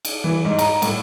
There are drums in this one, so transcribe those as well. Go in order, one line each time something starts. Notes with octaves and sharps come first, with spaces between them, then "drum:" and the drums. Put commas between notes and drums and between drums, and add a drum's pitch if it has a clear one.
drum: cymbal
E3
G#2
A#5, drum: cymbal
A2, drum: cymbal